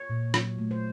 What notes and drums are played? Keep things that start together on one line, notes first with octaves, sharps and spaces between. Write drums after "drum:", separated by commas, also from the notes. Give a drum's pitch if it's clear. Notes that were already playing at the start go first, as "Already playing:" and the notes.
Already playing: C#5
A#2
F#3, drum: rim click
A3
C5